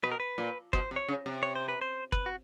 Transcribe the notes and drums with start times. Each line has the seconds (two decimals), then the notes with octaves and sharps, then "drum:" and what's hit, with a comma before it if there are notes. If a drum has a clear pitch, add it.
0.03 B2 B4
0.12 A#4
0.20 B4
0.38 A#2
0.73 B2 C5, drum: kick
0.91 C3
0.96 C#5
1.09 C#3
1.26 C3
1.43 C#5
1.55 C5
1.69 B4
1.81 C5
2.12 B4, drum: kick
2.26 F#4